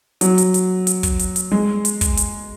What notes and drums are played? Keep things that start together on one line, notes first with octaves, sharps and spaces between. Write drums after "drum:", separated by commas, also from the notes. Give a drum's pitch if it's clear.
F#3, drum: hi-hat
drum: hi-hat
drum: hi-hat
drum: hi-hat
drum: kick, hi-hat
drum: hi-hat
drum: hi-hat
G#3
drum: hi-hat
drum: kick, hi-hat
drum: hi-hat